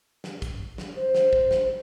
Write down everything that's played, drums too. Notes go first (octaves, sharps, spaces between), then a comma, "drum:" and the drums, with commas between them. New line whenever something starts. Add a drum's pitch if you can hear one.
drum: snare
drum: kick, hi-hat
drum: snare
C5
drum: snare
drum: kick
drum: snare